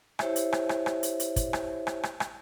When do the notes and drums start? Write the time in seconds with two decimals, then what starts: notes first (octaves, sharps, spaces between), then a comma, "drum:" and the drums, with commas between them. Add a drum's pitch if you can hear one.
0.19 E4 G4 C5 C#5 E5, drum: rim click
0.36 drum: hi-hat
0.52 drum: rim click
0.69 drum: rim click
0.86 drum: rim click
1.03 drum: hi-hat
1.20 drum: hi-hat
1.36 drum: kick, hi-hat
1.53 drum: rim click
1.87 drum: rim click
2.03 drum: rim click
2.20 drum: rim click